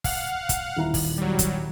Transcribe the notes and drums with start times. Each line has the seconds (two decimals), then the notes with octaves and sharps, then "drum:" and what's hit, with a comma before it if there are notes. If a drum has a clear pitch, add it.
0.04 F5 F#5, drum: kick, open hi-hat
0.49 drum: kick, hi-hat
0.76 D#1 E4 A#5
0.94 drum: kick, open hi-hat
1.18 F#3 G3
1.39 drum: kick, hi-hat